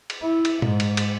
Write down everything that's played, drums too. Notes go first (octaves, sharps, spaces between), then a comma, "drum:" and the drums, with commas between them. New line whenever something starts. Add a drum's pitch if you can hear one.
drum: cymbal
E4
drum: cymbal
G#2, drum: tom A#2
drum: cymbal
drum: cymbal